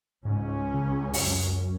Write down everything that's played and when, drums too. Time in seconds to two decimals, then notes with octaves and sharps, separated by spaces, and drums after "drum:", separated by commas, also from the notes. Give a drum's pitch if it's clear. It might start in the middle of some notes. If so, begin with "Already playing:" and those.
0.25 C#2 G#2 C#4
0.74 C#3
1.13 F#2, drum: open hi-hat